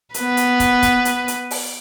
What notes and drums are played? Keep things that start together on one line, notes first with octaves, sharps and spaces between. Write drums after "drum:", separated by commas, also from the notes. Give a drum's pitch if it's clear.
B3 B4, drum: hi-hat
drum: hi-hat
drum: kick, hi-hat
drum: kick, hi-hat
drum: hi-hat
drum: hi-hat
drum: open hi-hat